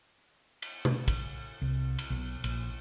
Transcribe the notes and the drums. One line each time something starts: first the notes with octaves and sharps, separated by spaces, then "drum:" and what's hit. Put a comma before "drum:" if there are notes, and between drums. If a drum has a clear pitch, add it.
drum: cymbal
drum: tom B2
drum: kick, cymbal
C2
drum: cymbal
B1
A#1, drum: cymbal